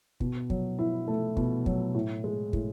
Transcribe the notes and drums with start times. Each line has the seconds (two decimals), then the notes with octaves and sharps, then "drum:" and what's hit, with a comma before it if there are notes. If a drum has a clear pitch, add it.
0.20 B2, drum: kick
0.50 F#3, drum: kick
0.79 E4
1.08 A3
1.37 B2, drum: kick
1.66 F#3, drum: kick
1.95 A2
2.24 G#3
2.53 A2, drum: kick